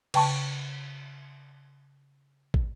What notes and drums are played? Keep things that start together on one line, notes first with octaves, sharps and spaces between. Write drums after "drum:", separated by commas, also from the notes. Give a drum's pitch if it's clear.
C#3 G5 A5 C#6, drum: cymbal
drum: kick